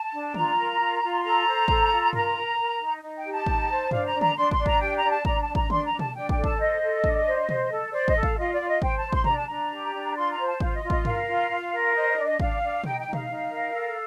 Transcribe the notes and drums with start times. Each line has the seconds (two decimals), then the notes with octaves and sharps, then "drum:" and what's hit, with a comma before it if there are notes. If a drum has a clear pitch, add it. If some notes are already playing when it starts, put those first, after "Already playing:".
Already playing: A5
0.12 D4
0.34 F4 A#5, drum: tom D3
0.57 A#4
0.80 F4
1.02 F4
1.23 A4 A#5
1.46 C5
1.68 A4, drum: kick
1.92 F4
2.13 A#4 A#5, drum: tom G2
2.35 A#4
2.58 A#4
2.80 D#4
3.02 D#4
3.17 G5
3.25 G4
3.32 A5
3.46 D#4, drum: kick
3.70 C5
3.91 D4 F5, drum: tom G2
4.06 A#5
4.14 D4
4.21 A#5, drum: tom D3
4.36 D4 C6
4.51 C6, drum: kick
4.58 D4
4.66 A#5, drum: kick
4.80 G4 G5
4.96 A#5
5.03 D4
5.10 A5
5.25 D4 A#5, drum: kick
5.41 A5
5.48 D4
5.55 A#5, drum: kick
5.70 D4 C6, drum: tom D3
5.85 A#5
5.93 D4
5.99 A5, drum: tom B2
6.14 D4 G5
6.29 G5, drum: kick
6.37 A4
6.44 A5, drum: kick
6.59 C5 D#5
6.82 A4
7.04 D4, drum: kick
7.26 C5
7.49 C5, drum: tom B2
7.70 A4
7.92 C5 D5
8.08 D#5, drum: kick
8.15 A4
8.23 F5, drum: kick
8.38 F4 D#5
8.52 D5
8.60 F4
8.67 D#5
8.82 C5 G5, drum: kick
8.98 A5
9.05 C5
9.13 C6, drum: kick
9.24 D4 A#5, drum: tom B2
9.36 A5
9.48 D4 A#5
9.71 G4
9.93 D4
10.16 F4 C6
10.31 A#5
10.38 C5
10.46 A5
10.60 F4 F5, drum: kick
10.75 D#5
10.83 F4
10.90 D#5, drum: kick
11.05 A#4 F5, drum: tom G2
11.27 F4
11.49 F4
11.72 A#4
11.94 C5 D#5
12.10 D#5
12.16 D4
12.24 D#5
12.40 D4 F5, drum: kick
12.62 D4
12.84 D#4 G5, drum: tom B2
12.99 G5
13.06 D#4
13.13 F5, drum: tom B2
13.29 D#4
13.50 A#4
13.72 A4